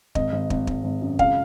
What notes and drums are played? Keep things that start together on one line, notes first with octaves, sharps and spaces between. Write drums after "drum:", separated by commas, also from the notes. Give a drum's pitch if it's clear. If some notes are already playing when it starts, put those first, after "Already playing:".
G#1 D#5, drum: kick
G#1
G#1, drum: kick
G#1, drum: kick
G#1
F#2
C#2 F5, drum: kick